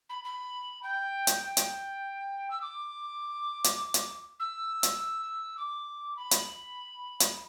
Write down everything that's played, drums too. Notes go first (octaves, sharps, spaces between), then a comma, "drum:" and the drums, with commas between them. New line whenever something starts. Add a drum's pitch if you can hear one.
B5
B5
G5
drum: hi-hat
G5
drum: hi-hat
E6
D6
drum: hi-hat
drum: hi-hat
E6
drum: hi-hat
D6
B5
drum: hi-hat
drum: hi-hat